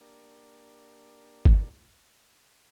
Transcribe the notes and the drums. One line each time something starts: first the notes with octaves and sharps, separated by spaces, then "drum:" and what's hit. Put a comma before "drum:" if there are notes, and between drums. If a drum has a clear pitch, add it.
A#3 D4 G4 A#4 D5
drum: kick G1